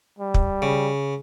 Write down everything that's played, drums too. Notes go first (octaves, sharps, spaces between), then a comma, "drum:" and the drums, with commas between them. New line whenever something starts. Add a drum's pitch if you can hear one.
G3
drum: kick
C#3